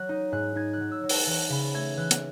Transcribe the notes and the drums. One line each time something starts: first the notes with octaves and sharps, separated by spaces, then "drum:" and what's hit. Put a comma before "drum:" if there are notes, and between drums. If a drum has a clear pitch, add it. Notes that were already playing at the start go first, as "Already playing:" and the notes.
Already playing: F#3 F#6
D#4
G#2 F#6
D#4 G#6
F#6
F#3
E6
F#3
F#6, drum: open hi-hat
E3 F#6
C#3 B5
A3 G#6
E3 F#6
drum: hi-hat